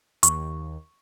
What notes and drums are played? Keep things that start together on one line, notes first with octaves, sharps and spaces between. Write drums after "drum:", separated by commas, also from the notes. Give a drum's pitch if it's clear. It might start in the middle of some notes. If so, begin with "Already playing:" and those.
D#2 C#6, drum: hi-hat